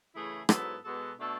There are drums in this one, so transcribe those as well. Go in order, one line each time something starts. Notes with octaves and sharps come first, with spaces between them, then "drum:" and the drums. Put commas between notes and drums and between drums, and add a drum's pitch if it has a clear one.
C#3 E3 A3 E4 G#4
G#2 F#3 B3 E4 A4, drum: rim click
B2 G#3 B3 F#4 A4
B2 A3 D4 A4